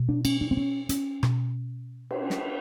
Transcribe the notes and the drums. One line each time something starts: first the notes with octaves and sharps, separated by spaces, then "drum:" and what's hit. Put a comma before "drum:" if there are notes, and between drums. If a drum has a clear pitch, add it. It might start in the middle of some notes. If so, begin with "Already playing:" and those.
Already playing: B2
D4
C#4, drum: cymbal
D4
C4
C#4
C#4, drum: hi-hat
B2, drum: rim click
drum: cymbal
drum: snare